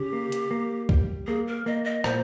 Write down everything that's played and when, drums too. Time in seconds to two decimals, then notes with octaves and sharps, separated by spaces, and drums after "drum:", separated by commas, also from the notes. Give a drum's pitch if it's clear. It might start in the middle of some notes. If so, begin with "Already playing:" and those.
Already playing: C#3 G4
0.13 A#3
0.32 drum: hi-hat
0.51 A#3
0.89 G3, drum: kick
1.27 A#3 G#4
1.47 A#4
1.66 A#3 D#5
1.85 D#5
2.04 A#2 C5, drum: rim click